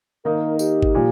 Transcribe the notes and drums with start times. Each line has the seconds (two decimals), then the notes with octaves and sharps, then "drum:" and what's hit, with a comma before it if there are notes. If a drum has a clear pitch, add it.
0.24 D#3 A#3 D#4 A#4
0.59 G4, drum: tambourine
0.82 drum: kick G#1
0.95 A#2 F3